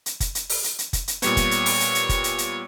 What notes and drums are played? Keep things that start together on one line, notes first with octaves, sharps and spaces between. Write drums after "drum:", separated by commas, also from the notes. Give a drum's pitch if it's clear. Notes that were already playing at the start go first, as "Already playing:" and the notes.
drum: hi-hat
drum: kick F#1, hi-hat
drum: hi-hat
drum: open hi-hat
drum: hi-hat
drum: hi-hat
drum: kick F#1, hi-hat
drum: hi-hat
A#2 G3 B3 C#5, drum: hi-hat
drum: kick F#1, hi-hat
drum: hi-hat
drum: open hi-hat
drum: hi-hat
drum: hi-hat
drum: kick F#1, hi-hat
drum: hi-hat
drum: hi-hat